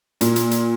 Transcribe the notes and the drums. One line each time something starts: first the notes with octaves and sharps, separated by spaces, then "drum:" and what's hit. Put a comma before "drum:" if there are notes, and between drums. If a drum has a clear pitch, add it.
A#2, drum: hi-hat
drum: hi-hat
drum: hi-hat